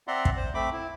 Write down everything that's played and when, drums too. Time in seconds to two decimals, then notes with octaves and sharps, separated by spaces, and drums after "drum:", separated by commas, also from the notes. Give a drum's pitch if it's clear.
0.08 C4 D5 E5 F#5 A#5 C6
0.25 drum: kick
0.37 C5
0.54 A3 C4 B5 D6
0.73 E4